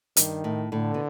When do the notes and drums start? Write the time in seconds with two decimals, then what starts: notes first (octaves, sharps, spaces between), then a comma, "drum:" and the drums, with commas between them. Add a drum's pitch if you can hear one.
0.17 G2 D#3, drum: hi-hat
0.44 A2
0.72 A2 D3
0.94 B2